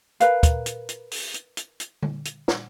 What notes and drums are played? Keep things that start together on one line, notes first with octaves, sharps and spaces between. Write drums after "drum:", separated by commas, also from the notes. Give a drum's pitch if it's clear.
A#4 B4 F5, drum: hi-hat
drum: kick, hi-hat
drum: hi-hat
drum: hi-hat
drum: open hi-hat
drum: hi-hat
drum: hi-hat
drum: hi-hat
drum: tom D3
drum: hi-hat
drum: snare